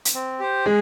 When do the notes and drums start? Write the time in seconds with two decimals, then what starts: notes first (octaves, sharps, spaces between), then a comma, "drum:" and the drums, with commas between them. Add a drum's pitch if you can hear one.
0.05 drum: hi-hat
0.14 C4
0.40 G4 C5
0.65 G#3 G#4